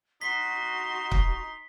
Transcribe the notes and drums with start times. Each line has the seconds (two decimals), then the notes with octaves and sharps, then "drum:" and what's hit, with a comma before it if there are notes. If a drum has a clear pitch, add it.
0.21 D#4 F#4 C6 B6
1.12 drum: kick